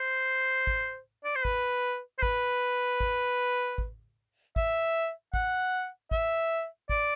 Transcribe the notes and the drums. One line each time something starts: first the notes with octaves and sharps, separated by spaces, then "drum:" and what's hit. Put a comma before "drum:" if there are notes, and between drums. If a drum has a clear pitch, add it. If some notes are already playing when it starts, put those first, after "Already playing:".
Already playing: C5
drum: kick
D5
C5
B4, drum: kick
C5
B4, drum: kick
drum: kick
drum: kick
E5, drum: kick
F#5, drum: kick
E5, drum: kick
D5, drum: kick